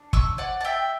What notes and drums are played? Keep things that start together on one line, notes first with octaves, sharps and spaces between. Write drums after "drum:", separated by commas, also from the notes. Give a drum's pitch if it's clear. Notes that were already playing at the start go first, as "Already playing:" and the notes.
Already playing: D4
C#6 E6, drum: kick
D5 F#5
A5
E5 G5